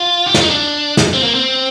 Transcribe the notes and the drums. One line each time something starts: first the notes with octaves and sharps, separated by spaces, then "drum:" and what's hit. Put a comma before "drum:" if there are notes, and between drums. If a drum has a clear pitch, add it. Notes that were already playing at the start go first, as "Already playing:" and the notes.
Already playing: F4
G4
F4, drum: snare
D#4
D4
drum: snare
C4
A#3
C4